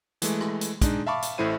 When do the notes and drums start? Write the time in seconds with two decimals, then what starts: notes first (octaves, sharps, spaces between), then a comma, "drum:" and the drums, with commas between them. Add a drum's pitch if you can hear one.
0.22 E3 G#3 A3, drum: hi-hat
0.41 drum: rim click
0.61 drum: hi-hat
0.82 G#3 D4 D#4, drum: kick, hi-hat
1.07 E5 F5 A5 B5 C#6 D6
1.22 drum: hi-hat
1.38 A1 A2 A3 E4 C5 D#7